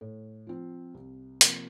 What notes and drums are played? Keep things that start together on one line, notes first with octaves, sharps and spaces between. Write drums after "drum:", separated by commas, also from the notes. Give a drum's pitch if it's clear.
A2
F3 C4 F4
C2
C3 F3 A#3, drum: hi-hat